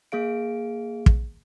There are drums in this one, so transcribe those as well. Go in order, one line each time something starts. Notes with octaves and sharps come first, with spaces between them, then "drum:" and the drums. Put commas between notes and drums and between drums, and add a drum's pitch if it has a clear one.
A#3 G#4 F5 D7
drum: kick